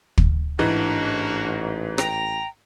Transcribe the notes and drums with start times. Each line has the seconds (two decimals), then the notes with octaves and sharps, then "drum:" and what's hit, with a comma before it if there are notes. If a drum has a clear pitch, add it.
0.18 drum: kick
0.59 A1 G#2 E3 A#3 D4 F#4
1.98 G5 A#5, drum: rim click